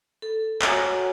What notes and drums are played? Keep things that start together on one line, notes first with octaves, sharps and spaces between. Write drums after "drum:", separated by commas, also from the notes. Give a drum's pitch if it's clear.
A4
F#4 C#5 F#5 G#5 A#5, drum: clap